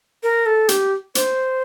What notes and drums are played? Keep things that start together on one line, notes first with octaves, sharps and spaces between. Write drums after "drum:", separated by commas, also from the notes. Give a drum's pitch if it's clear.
A#4
A4
G4, drum: hi-hat
C5, drum: hi-hat